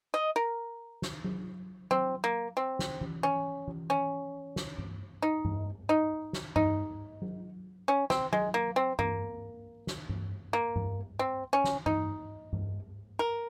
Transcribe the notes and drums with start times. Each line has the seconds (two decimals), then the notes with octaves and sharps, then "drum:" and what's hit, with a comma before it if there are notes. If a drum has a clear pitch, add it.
0.14 D#5
0.36 A#4
1.02 drum: snare
1.24 drum: tom F#3
1.91 C4, drum: tom F#3
2.24 A#3
2.57 C4
2.79 drum: snare
3.01 drum: tom E3
3.23 C#4
3.68 drum: tom E3
3.90 C#4
4.56 drum: snare
4.78 drum: tom G2
5.22 D#4
5.45 drum: tom G2
5.89 D#4
6.33 drum: snare
6.56 D#4, drum: tom G2
7.22 drum: tom F#3
7.88 C#4
8.10 C4, drum: snare
8.33 G#3, drum: tom F#3
8.54 A#3
8.76 C4
8.99 A#3, drum: tom G2
9.87 drum: snare
10.09 drum: tom G2
10.53 A#3
10.76 drum: tom G2
11.19 C4
11.53 C#4
11.64 drum: snare
11.86 D#4, drum: tom G2
12.53 drum: tom G2
13.19 A#4